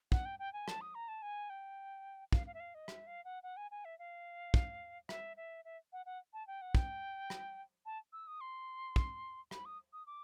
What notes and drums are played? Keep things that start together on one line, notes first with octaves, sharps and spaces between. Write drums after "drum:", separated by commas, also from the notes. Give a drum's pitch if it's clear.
F#5, drum: kick
G5
G5
G#5
A5, drum: rim click
D#6
A#5
A5
G#5
G5
F5, drum: kick
F5
E5
F5
D#5
E5, drum: rim click
F5
F#5
F#5
G#5
G#5
E5
F5
drum: kick
E5, drum: rim click
E5
E5
F#5
F#5
A5
G5
F#5
G5, drum: kick
drum: rim click
A5
E6
D#6
C6
drum: kick
B5, drum: rim click
D#6
D#6
D6